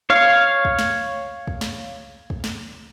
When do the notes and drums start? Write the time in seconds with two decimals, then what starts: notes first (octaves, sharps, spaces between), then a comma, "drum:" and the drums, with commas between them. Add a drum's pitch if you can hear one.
0.10 C#5 F5
0.65 drum: kick
0.79 drum: snare
1.47 drum: kick
1.61 drum: snare
2.30 drum: kick
2.44 drum: snare